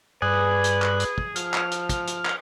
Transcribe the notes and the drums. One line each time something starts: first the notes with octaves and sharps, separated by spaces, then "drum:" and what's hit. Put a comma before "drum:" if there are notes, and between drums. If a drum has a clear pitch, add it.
G2 G#4 B4 D5 F#6
drum: hi-hat
drum: clap
drum: hi-hat
drum: kick
F3 F6, drum: hi-hat
drum: clap
drum: hi-hat
drum: kick, hi-hat
drum: hi-hat
drum: clap